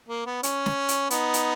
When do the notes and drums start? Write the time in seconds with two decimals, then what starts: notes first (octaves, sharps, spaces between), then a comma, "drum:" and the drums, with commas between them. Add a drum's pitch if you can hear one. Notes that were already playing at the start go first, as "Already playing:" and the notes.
0.09 A#3
0.26 B3
0.43 C#4, drum: hi-hat
0.66 drum: snare
0.88 drum: hi-hat
1.10 B3 D#4, drum: hi-hat
1.34 drum: hi-hat